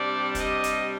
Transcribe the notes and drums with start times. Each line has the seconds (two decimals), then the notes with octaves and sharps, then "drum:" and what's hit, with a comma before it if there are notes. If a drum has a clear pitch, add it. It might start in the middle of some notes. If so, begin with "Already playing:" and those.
Already playing: C3 G3 D4 D5
0.35 D#5, drum: kick, hi-hat
0.64 drum: hi-hat